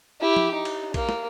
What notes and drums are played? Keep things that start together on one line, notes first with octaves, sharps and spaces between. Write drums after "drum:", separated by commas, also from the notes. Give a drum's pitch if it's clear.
E4 G4
drum: tom F3
D#4
drum: cymbal
A#3, drum: kick A#1, cymbal
drum: snare